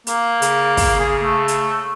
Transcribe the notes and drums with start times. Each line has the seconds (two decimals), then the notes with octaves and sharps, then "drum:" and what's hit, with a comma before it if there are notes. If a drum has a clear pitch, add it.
0.07 A#3, drum: hi-hat
0.42 C#3, drum: hi-hat
0.77 drum: kick, open hi-hat
0.99 G#4
1.21 A3
1.48 drum: hi-hat